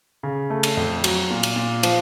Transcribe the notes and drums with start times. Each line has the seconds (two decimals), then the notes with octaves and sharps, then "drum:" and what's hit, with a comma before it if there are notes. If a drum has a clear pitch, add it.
0.23 C#3
0.50 A3
0.63 drum: cymbal
0.77 F2
1.04 F#3, drum: cymbal
1.31 A#2
1.43 drum: cymbal
1.56 A#2
1.83 F3, drum: cymbal